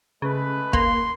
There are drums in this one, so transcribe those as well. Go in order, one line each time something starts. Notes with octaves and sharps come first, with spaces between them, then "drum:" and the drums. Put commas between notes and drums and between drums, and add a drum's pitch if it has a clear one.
C#3 G#3 A3 B4
A#3 C6, drum: kick